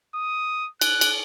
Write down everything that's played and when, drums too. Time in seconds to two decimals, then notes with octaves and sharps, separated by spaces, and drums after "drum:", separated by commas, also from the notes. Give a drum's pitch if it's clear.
0.15 D#6
0.81 F#6, drum: cymbal
1.01 drum: cymbal